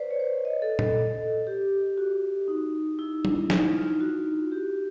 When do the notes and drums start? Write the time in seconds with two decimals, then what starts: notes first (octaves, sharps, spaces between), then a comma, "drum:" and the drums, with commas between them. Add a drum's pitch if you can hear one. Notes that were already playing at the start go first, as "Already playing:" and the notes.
Already playing: B4 C5 D5
0.11 C#5
0.20 C5
0.45 D#5
0.62 A4
0.79 A4, drum: tom A#2
1.47 G4
1.98 F#4
2.48 D#4
2.99 E4
3.25 D4, drum: tom
3.39 E4
3.50 D#4, drum: snare
3.76 F4
4.01 F#4
4.52 G4